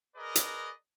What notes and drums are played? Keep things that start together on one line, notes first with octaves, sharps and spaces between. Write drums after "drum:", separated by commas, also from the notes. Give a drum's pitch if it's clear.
G#4 A#4 B4 D5 D#5
drum: hi-hat